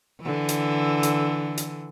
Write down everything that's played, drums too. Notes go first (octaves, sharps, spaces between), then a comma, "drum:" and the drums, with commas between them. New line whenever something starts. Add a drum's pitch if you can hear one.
D3 E3
drum: hi-hat
drum: hi-hat
drum: hi-hat